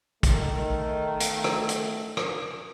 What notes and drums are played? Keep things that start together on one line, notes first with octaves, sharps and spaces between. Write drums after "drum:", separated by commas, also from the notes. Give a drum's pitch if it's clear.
D#3 A3, drum: kick, hi-hat
drum: hi-hat
drum: rim click
drum: hi-hat
drum: rim click